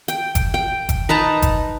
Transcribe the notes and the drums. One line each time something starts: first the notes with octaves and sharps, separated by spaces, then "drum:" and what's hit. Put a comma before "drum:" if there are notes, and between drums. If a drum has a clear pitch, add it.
G5, drum: hi-hat
drum: kick F#1, hi-hat
G5
drum: kick F#1, hi-hat
D#4 B4 A5 A#5
drum: kick F#1, hi-hat